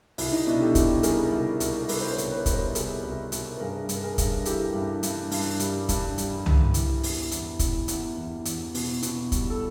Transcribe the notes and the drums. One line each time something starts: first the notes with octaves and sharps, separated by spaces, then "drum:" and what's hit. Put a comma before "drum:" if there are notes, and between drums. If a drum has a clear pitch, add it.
C2 E4, drum: open hi-hat
D#4
B2 D4 E4
G4 A4
C2, drum: kick, hi-hat
G3 G#4 A#4, drum: hi-hat
C2
C2, drum: hi-hat
A#4
G3 A4 B4, drum: open hi-hat
C5
B4 C#5
C2, drum: hi-hat
B4 C#5
G3, drum: kick, hi-hat
A#4 C5
C2 G#4 A#4, drum: hi-hat
C2
C2, drum: hi-hat
B4
G2 G#4 A#4
G2 B4, drum: hi-hat
G#4 A#4
G2, drum: kick, hi-hat
E3 G4 A4, drum: hi-hat
G2
G2, drum: hi-hat
G2, drum: open hi-hat
G3, drum: hi-hat
G2, drum: kick, hi-hat
G3, drum: hi-hat
G3, drum: tom C2
E3, drum: hi-hat
E2, drum: open hi-hat
E2, drum: hi-hat
E2, drum: kick, hi-hat
E2, drum: hi-hat
E2
E2, drum: hi-hat
B2, drum: open hi-hat
B2, drum: hi-hat
G3, drum: kick, hi-hat
A4